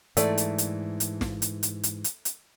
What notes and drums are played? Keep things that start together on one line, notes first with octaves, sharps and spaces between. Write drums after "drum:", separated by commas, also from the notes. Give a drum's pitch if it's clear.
G#2 E3 A3 D5, drum: hi-hat
drum: hi-hat
drum: hi-hat
drum: hi-hat
drum: snare
drum: hi-hat
drum: hi-hat
drum: hi-hat
drum: hi-hat
drum: hi-hat